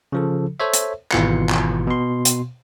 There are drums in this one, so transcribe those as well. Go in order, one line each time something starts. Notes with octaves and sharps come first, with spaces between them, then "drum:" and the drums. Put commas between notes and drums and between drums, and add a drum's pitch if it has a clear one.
C#3 F3 A4
A4 C5 C#5 E5
drum: hi-hat
G#1 B2 E3 F4 C6 C#7, drum: clap
drum: clap
B2 C6
drum: hi-hat